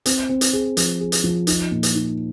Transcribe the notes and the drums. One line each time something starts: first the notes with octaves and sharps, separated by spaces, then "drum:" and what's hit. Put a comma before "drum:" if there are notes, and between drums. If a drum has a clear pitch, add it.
C4, drum: hi-hat
C4
drum: hi-hat
G#4
F3, drum: hi-hat
G#4
drum: hi-hat
F3
D#4, drum: hi-hat
A#2
drum: hi-hat
D#4